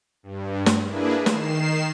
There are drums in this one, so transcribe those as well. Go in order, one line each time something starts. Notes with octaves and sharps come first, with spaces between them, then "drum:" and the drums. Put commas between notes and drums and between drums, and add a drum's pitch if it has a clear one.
G2
drum: snare
A#3 D4 E4 G#4 B4
D#3 C7 E7, drum: snare